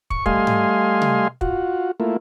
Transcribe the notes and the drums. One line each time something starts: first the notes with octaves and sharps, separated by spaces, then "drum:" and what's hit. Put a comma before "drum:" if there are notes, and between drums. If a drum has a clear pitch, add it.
C#6, drum: kick
G3 A3 D#5 F5 G#5 C6, drum: kick
drum: tom G#2
drum: tom C3
F4 F#4, drum: kick
A3 A#3 E4 F4